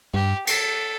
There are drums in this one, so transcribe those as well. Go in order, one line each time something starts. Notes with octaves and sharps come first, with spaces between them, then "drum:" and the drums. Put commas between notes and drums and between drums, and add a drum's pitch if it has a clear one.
G2 G4
A4, drum: cymbal